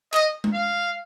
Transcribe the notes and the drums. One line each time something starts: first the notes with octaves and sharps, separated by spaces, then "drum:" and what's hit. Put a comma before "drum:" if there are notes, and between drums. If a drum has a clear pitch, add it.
D#5, drum: clap
drum: tom G#3
F5